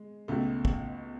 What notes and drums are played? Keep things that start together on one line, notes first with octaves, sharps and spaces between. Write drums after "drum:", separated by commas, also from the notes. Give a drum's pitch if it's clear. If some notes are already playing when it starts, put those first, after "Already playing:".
Already playing: G#3
C#2 B2 A3
drum: kick